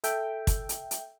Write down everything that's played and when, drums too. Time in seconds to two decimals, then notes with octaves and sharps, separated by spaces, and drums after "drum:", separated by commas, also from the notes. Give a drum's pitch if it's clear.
0.04 A4 E5 G5, drum: hi-hat
0.47 drum: kick, hi-hat
0.69 drum: hi-hat
0.91 drum: hi-hat